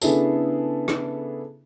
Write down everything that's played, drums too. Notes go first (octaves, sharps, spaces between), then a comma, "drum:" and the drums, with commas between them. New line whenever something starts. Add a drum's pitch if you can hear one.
C#3 B3 D4 E4 G#4 A4, drum: tambourine
drum: rim click